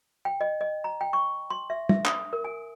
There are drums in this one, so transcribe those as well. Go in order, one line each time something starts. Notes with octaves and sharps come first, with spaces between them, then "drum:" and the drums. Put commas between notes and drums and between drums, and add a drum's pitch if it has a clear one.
G5
D#5
D#5
A#5
G5
C#6
C6
E5
E5, drum: tom
D#6, drum: clap
A#4
G#5